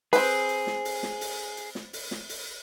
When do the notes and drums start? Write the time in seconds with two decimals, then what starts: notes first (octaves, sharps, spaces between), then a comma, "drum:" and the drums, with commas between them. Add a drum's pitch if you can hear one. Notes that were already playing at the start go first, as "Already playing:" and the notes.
0.13 C4 G#4 B4, drum: open hi-hat
0.49 drum: hi-hat
0.67 drum: snare
0.85 drum: open hi-hat
1.03 drum: snare
1.21 drum: open hi-hat
1.57 drum: hi-hat
1.75 drum: snare
1.93 drum: open hi-hat
2.11 drum: snare
2.29 drum: open hi-hat